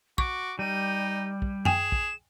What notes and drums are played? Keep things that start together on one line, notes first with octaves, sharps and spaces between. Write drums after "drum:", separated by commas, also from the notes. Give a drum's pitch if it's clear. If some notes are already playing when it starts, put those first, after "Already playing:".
F#4 C#6 D6, drum: kick
G3 D#4 D#7
drum: kick
G#4 G5 G#5 E7, drum: tom F#2
drum: kick